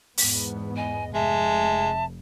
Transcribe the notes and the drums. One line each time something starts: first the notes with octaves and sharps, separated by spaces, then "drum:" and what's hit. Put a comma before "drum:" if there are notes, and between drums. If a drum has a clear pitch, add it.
E2 G#2 B3, drum: open hi-hat
D#5 G#5
F1 G#3 E5 A5